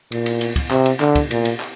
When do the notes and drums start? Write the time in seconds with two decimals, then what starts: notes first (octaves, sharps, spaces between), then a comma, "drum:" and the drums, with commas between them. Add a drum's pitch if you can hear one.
0.12 A#2, drum: cymbal
0.26 drum: cymbal
0.41 drum: cymbal
0.56 drum: kick, cymbal
0.71 C3, drum: clap
0.86 drum: cymbal
1.00 D3, drum: clap
1.15 drum: kick, cymbal
1.31 A#2, drum: cymbal
1.45 drum: cymbal
1.60 drum: clap